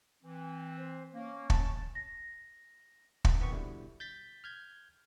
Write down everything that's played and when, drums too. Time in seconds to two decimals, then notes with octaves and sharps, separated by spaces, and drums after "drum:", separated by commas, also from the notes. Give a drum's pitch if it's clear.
0.23 E3 C4
0.78 C5
1.13 A#3 C#4
1.50 A5, drum: kick
1.95 A#6
3.25 drum: kick
3.39 A#2 D#3 B3 C4 C#6
3.51 B2 D3 G3 E4
4.00 G6 A6 B6
4.44 F6 G6 G#6